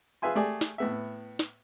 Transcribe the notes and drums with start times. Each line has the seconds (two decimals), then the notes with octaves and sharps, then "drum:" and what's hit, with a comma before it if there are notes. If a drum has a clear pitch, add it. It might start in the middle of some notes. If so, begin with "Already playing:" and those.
0.22 F4 G#4 B4 E5 G#5 C6
0.36 A3 G4 G#4 D5
0.61 drum: snare
0.78 A2 B3 E5
1.39 drum: snare